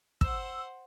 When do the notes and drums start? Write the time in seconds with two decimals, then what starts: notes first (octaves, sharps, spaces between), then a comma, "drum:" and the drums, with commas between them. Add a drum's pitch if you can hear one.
0.21 C5 F#5 E6, drum: kick